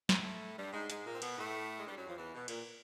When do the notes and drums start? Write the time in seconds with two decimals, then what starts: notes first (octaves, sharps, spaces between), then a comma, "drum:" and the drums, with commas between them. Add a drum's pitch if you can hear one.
0.09 A2 A3, drum: snare
0.58 G2 G3
0.73 G#2 G#3
0.90 G#2 G#3, drum: hi-hat
1.06 A#2 A#3
1.14 C4
1.22 B2 B3, drum: cymbal
1.37 A2 A3
1.78 G#3
1.86 G2 G3
1.97 F#2 F#3
2.07 F2 F3
2.18 E2 E3
2.35 B2
2.48 A#2, drum: cymbal